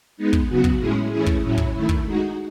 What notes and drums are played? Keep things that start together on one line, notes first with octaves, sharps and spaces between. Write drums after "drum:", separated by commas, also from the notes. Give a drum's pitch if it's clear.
G#3 B3 D#4
drum: kick
C#3 F#3 B3 F#4
drum: kick
A2 G#3 C#4 E4 G#4
E3 A3 C#4 E4 G#4
drum: kick
A2 F#3 C#4 E4
drum: kick
D#3 A3 E4
drum: kick
G#3 D#4 F#4